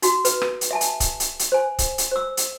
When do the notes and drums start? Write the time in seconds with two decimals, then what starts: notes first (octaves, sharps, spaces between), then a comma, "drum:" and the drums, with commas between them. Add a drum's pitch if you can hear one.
0.02 D#4 F#4, drum: hi-hat
0.25 B4, drum: hi-hat
0.42 drum: rim click
0.61 drum: hi-hat
0.71 E5 G#5 A5
0.81 drum: hi-hat
1.00 drum: kick C#1, hi-hat
1.20 drum: hi-hat
1.39 drum: hi-hat
1.52 C5 G#5
1.79 drum: kick C#1, hi-hat
1.98 drum: hi-hat
2.11 C5 E6
2.37 drum: hi-hat